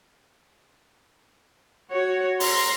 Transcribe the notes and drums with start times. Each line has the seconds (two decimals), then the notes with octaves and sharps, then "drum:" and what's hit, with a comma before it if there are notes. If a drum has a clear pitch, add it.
1.91 F#4 C#5
2.40 A#5 C6, drum: open hi-hat